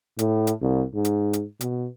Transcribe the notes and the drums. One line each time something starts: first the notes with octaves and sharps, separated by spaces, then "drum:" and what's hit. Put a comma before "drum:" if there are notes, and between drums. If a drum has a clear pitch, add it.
A2, drum: hi-hat
drum: hi-hat
C2
G#2
drum: hi-hat
drum: hi-hat
B2, drum: hi-hat